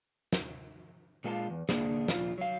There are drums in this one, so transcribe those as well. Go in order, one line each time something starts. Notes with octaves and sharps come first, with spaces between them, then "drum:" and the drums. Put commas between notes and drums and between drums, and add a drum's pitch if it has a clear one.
drum: snare
A#2 G#3 F4 A4 F5 A5
E2
A#2 D3 E3 A#3 D4 G#4, drum: snare
A#2 F3 F4, drum: snare
F#3 F5